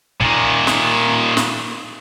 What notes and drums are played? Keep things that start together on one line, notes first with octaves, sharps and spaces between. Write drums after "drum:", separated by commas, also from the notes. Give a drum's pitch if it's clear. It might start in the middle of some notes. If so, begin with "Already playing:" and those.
A#2 D#3, drum: kick
drum: snare
drum: snare